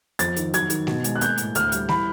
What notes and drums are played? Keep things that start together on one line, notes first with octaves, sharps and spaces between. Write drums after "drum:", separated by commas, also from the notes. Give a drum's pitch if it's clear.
F2 A6, drum: hi-hat
D#3, drum: hi-hat
F#3 G#6, drum: hi-hat
D#3, drum: hi-hat
B2, drum: snare A3
G#3, drum: hi-hat
F#6
A#3 G6, drum: hi-hat
A2, drum: hi-hat
D2 F6, drum: hi-hat
G3, drum: hi-hat
E3 B5, drum: snare A3